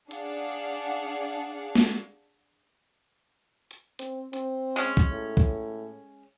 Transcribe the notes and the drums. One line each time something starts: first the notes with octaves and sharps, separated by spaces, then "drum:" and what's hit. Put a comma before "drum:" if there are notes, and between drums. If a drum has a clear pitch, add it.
D4 G#4 F5 F#5, drum: hi-hat
drum: snare
drum: hi-hat
C4, drum: hi-hat
C4, drum: hi-hat
G#3 C#4
drum: kick
A2
drum: kick